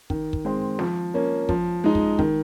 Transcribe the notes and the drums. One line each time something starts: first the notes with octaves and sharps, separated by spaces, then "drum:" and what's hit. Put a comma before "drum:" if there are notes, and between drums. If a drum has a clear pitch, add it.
D#3, drum: kick
drum: kick
G#3 C4
F3, drum: snare
A#3 C#4
F3, drum: kick
G#3 D#4
drum: kick
D#3, drum: kick